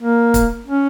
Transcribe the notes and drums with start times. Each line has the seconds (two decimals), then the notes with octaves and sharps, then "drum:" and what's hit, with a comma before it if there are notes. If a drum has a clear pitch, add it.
0.01 A#3
0.34 drum: kick, hi-hat
0.67 C#4